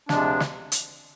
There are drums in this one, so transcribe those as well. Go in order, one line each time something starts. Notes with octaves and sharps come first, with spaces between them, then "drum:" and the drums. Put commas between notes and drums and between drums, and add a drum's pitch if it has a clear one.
D2 C3 F3 G#3 D4, drum: snare
drum: snare
drum: hi-hat